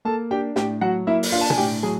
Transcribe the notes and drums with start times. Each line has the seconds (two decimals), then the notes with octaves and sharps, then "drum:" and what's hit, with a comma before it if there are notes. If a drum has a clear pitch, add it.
0.05 A#3 A4 A5
0.31 D4 G4 G5
0.56 A2 G4 G5, drum: snare
0.81 F#3 F#4 F#5
1.07 A#3 E4 E5
1.23 drum: open hi-hat
1.32 D4 F4 F5
1.41 A5
1.50 G#5, drum: tom B2
1.57 A2 G4 G5
1.83 F#3 G#4 G#5